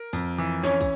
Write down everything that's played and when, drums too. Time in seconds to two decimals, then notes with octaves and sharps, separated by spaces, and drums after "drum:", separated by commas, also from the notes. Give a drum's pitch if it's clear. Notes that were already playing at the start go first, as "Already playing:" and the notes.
Already playing: A#4
0.13 F2, drum: tambourine
0.38 E3
0.63 E3 C#4 C#5, drum: snare
0.81 drum: kick, tambourine